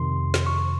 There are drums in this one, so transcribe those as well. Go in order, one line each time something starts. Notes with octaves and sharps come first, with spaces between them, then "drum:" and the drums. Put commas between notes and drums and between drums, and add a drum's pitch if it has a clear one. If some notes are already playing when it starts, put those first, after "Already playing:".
Already playing: F2 C3 D#3 C6
drum: snare
C#6